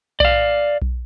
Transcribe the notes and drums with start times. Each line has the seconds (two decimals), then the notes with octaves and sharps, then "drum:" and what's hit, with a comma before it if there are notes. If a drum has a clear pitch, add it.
0.20 D5 F5, drum: kick B1
0.82 drum: kick B1